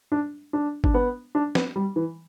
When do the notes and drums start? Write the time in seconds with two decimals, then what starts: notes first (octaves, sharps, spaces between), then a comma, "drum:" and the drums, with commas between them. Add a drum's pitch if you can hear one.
0.12 D4
0.53 D4
0.84 D4, drum: kick G#1
0.94 B3
1.35 D4
1.55 B3, drum: snare
1.76 G3
1.96 E3